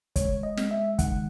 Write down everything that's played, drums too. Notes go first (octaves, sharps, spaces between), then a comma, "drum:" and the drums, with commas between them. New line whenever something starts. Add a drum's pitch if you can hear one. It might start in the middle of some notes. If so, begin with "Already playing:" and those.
G#3 C#5, drum: kick, hi-hat
D#5
G#3, drum: snare
E5
D#3 F#5, drum: kick, hi-hat